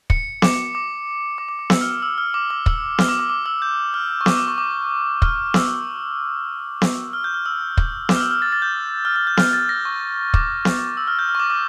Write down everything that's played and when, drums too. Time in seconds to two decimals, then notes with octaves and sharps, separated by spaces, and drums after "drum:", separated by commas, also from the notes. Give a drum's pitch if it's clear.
0.10 C#7, drum: kick
0.42 D6, drum: snare B3
0.75 D6
1.38 D6
1.49 D6
1.59 D6
1.70 E6, drum: snare B3
1.81 F6
2.02 E6
2.18 F6
2.34 D6
2.50 D6
2.66 E6, drum: kick
2.98 F6, drum: snare B3
3.09 D6
3.19 D6
3.30 D6
3.46 E6
3.62 G6
3.94 F6
4.21 C#6
4.26 D6, drum: snare B3
4.36 D6
4.48 C#6
4.58 D6
5.22 F6, drum: kick
5.54 E6, drum: snare B3
6.82 drum: snare B3
7.13 F6
7.24 G6
7.34 F6
7.46 E6
7.77 drum: kick
8.09 D6, drum: snare B3
8.16 F6
8.21 E6
8.31 F6
8.42 A6
8.52 A6
8.62 G6
9.05 F6
9.16 F6
9.27 G6
9.37 F6, drum: snare B3
9.53 A6
9.69 A#6
9.85 C#6
10.34 D6, drum: kick
10.65 drum: snare B3
10.97 E6
11.07 F6
11.19 G6
11.29 F6
11.35 C#6
11.40 D6
11.50 D6